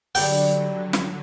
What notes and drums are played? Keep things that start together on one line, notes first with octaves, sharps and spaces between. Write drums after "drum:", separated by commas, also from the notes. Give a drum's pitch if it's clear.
D3 F#3 G3 A4 D5 G5, drum: open hi-hat
drum: snare